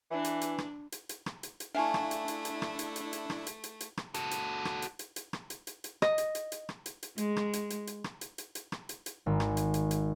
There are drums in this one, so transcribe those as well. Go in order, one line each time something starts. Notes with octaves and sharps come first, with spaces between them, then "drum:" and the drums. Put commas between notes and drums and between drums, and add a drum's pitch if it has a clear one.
E3 D4
drum: hi-hat
drum: hi-hat
drum: rim click
drum: hi-hat
drum: hi-hat
drum: rim click
drum: hi-hat
drum: hi-hat
A3 D4 E4 E5 F5 G#5 A5 C#6
drum: rim click
drum: hi-hat
drum: hi-hat
drum: hi-hat
drum: rim click
drum: hi-hat
drum: hi-hat
drum: hi-hat
drum: rim click
drum: hi-hat
drum: hi-hat
drum: hi-hat
drum: rim click
F#4 A4, drum: hi-hat
drum: hi-hat
drum: rim click
drum: hi-hat
drum: hi-hat
drum: hi-hat
drum: rim click
drum: hi-hat
drum: hi-hat
drum: hi-hat
D#5, drum: rim click
drum: hi-hat
drum: hi-hat
drum: hi-hat
drum: rim click
drum: hi-hat
drum: hi-hat
G#3, drum: hi-hat
drum: rim click
drum: hi-hat
drum: hi-hat
drum: hi-hat
drum: rim click
drum: hi-hat
drum: hi-hat
drum: hi-hat
drum: rim click
drum: hi-hat
drum: hi-hat
G#1
drum: rim click
drum: hi-hat
drum: hi-hat
drum: hi-hat